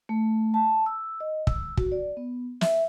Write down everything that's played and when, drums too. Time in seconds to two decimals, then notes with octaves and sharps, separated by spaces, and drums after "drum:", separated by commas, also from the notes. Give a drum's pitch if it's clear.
0.09 A3
0.54 A5
0.86 E6
1.20 D#5
1.47 E6, drum: kick
1.77 F#4, drum: kick
1.92 D5
2.17 B3
2.61 E5, drum: snare